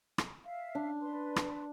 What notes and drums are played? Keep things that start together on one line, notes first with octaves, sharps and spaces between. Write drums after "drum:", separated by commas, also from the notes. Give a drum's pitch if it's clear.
drum: rim click
E5 F5
D4
B4 D5 C6
drum: rim click